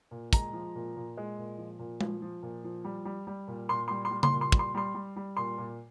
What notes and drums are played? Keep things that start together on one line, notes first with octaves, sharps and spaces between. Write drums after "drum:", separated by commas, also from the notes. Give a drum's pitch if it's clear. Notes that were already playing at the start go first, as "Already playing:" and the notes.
A#2
G#3 A#5, drum: kick, hi-hat
F3
A#2
A#2
G#3
A#2
F3
A#2
F3, drum: tom G#3
F3
A#2
F3
G3
G3
G3
A#2
A#2 C6
G3 C6
C6
G3
C6, drum: tom C#3
A#2
C6
G3, drum: kick
C6
G3 C6
G3
G3
A#2 C6
A#2